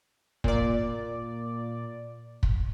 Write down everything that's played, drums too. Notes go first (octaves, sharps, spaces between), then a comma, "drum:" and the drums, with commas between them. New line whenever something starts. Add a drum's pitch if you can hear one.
A#2 D5, drum: kick
drum: kick